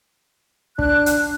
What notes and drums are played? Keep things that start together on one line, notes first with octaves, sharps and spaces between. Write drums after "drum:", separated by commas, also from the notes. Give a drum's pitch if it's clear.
D4 F#6, drum: kick
drum: hi-hat